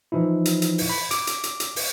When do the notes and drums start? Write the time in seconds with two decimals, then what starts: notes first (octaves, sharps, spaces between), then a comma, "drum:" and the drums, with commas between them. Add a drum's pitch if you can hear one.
0.12 E3 F3 D#4 E4
0.45 drum: hi-hat
0.62 drum: hi-hat
0.78 drum: open hi-hat
0.89 B5
1.11 D6, drum: hi-hat
1.27 drum: hi-hat
1.44 drum: hi-hat
1.60 drum: hi-hat
1.76 drum: open hi-hat